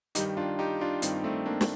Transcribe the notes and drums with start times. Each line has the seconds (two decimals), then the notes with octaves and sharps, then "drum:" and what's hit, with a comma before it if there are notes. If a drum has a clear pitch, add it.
0.15 G2 D#3 G3 D#4 G4, drum: hi-hat
0.37 D4 F4
0.59 D#4 G4
0.81 D4 F4
1.02 G2 D#3 G3 C4 D#4, drum: hi-hat
1.24 A3 C4
1.46 A#3 D4
1.61 drum: snare